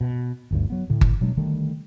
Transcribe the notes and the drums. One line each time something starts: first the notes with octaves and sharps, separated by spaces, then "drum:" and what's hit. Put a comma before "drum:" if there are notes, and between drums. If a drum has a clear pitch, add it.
B2
G1 D2 G2
F#3 B3
A2 D3
drum: kick G1
B2 F#3 G#3 D4
D3 D#3 G3 A3